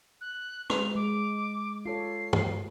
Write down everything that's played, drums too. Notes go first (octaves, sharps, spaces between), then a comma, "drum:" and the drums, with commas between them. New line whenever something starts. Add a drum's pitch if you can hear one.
F#6
G#3 F7, drum: rim click
G#3 D6
F4 A4 C#5 C7
drum: tom